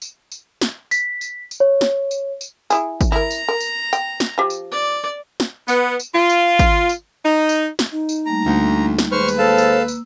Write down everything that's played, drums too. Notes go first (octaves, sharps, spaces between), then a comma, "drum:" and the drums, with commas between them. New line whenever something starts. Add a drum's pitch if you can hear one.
drum: tambourine
drum: tambourine
drum: snare
B6, drum: tambourine
drum: tambourine
drum: tambourine
C#5
drum: snare
drum: tambourine
drum: tambourine
E4 G#4, drum: tambourine
drum: kick, tambourine
E4 A#4 A#5
drum: tambourine
A#4
drum: tambourine
G5, drum: tambourine
drum: snare
F3 G4
drum: tambourine
D5
drum: snare
B3, drum: tambourine
drum: tambourine
F4
drum: tambourine
drum: kick, tambourine
drum: tambourine
D#4
drum: tambourine
drum: snare
D#4 D#5
drum: tambourine
G3 A3 A#3 A#5
D2
drum: snare
D#2 G#3 B4 C5 C#6 F6
drum: tambourine
A#3 A4 C5 F5 A5 E6
drum: tambourine
drum: tambourine